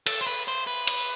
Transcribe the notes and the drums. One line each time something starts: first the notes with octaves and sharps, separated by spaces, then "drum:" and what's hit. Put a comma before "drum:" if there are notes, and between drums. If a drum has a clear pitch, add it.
A4, drum: cymbal
C5
B4
C5
B4
drum: cymbal